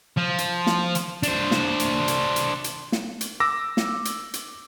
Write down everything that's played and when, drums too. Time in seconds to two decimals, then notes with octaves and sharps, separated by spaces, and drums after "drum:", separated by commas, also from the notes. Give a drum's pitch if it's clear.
0.18 F3
0.38 drum: hi-hat
0.67 drum: snare
0.95 drum: hi-hat
1.23 D4 C5, drum: hi-hat
1.51 drum: snare
1.80 drum: hi-hat
2.08 drum: hi-hat
2.36 drum: hi-hat
2.64 drum: hi-hat
2.92 drum: snare
3.21 drum: hi-hat
3.40 D6 E6 A#6
3.77 drum: snare
4.05 drum: hi-hat
4.34 drum: hi-hat